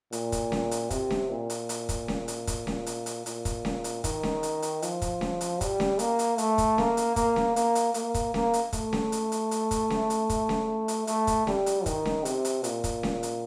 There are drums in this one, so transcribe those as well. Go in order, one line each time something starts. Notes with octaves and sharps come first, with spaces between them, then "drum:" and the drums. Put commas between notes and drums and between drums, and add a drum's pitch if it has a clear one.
A#2, drum: hi-hat
drum: kick, hi-hat
drum: snare C#4
drum: hi-hat
C3, drum: kick, hi-hat
drum: snare C#4
A#2
drum: hi-hat
drum: hi-hat
drum: kick, hi-hat
drum: snare C#4
drum: hi-hat
drum: kick, hi-hat
drum: snare C#4
drum: hi-hat
drum: hi-hat
A#2, drum: hi-hat
drum: kick, hi-hat
drum: snare C#4
drum: hi-hat
D#3, drum: kick, hi-hat
drum: snare C#4
drum: hi-hat
drum: hi-hat
F3, drum: hi-hat
drum: kick, hi-hat
drum: snare C#4
drum: hi-hat
G3, drum: kick, hi-hat
drum: snare C#4
A#3, drum: hi-hat
drum: hi-hat
A3, drum: hi-hat
drum: kick, hi-hat
A#3, drum: snare C#4
drum: hi-hat
A#3, drum: kick, hi-hat
drum: snare C#4
A#3, drum: hi-hat
drum: hi-hat
A#3, drum: hi-hat
drum: kick, hi-hat
A#3, drum: snare C#4
drum: hi-hat
A3, drum: kick, hi-hat
drum: snare C#4
drum: hi-hat
drum: hi-hat
drum: hi-hat
drum: kick, hi-hat
drum: snare C#4
drum: hi-hat
drum: kick, hi-hat
drum: snare C#4
drum: hi-hat
A3, drum: hi-hat
drum: kick, hi-hat
G3, drum: snare C#4
drum: hi-hat
D#3, drum: kick, hi-hat
drum: snare C#4
C3, drum: hi-hat
drum: hi-hat
A#2, drum: hi-hat
drum: kick, hi-hat
drum: snare C#4
drum: hi-hat